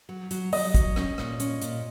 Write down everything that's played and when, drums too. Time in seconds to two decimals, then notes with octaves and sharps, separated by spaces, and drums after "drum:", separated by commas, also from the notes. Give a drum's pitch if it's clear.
0.09 F#3
0.31 F#3, drum: hi-hat
0.52 F#3 D#5, drum: open hi-hat
0.74 F#3, drum: kick, hi-hat
0.96 C#4, drum: rim click
1.18 A#2, drum: rim click
1.40 C#4, drum: hi-hat
1.61 A#2, drum: hi-hat